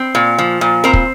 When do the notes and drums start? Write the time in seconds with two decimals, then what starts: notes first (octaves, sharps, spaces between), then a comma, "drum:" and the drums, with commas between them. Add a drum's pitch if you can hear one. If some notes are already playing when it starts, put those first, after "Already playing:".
Already playing: C4
0.15 A#2
0.39 F3
0.61 A#2
0.84 C4 A#4
0.93 drum: kick